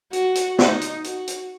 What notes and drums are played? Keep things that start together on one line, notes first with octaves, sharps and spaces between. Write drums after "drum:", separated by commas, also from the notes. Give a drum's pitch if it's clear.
F#4, drum: hi-hat
drum: hi-hat
D#4, drum: snare
drum: hi-hat
F#4, drum: hi-hat
drum: hi-hat